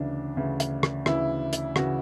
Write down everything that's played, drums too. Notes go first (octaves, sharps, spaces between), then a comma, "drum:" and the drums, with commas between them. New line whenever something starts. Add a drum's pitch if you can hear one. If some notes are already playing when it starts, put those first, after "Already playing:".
Already playing: D2 C#3 E3 D4
D2 C#3 E3
drum: hi-hat
drum: rim click
D2 C#3 E3 E4, drum: rim click
drum: hi-hat
C#3 E3 F#4, drum: rim click